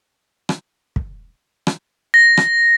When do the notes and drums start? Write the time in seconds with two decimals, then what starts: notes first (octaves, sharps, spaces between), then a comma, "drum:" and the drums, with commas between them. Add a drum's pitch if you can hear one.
0.49 drum: rim click
0.96 drum: kick
1.67 drum: rim click
2.14 A#6
2.37 drum: rim click